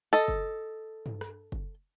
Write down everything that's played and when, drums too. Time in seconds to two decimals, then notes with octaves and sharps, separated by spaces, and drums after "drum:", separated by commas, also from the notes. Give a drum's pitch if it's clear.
0.13 A4 D#5
0.28 drum: kick F#1
1.06 drum: tom G2
1.21 drum: rim click
1.52 drum: kick F#1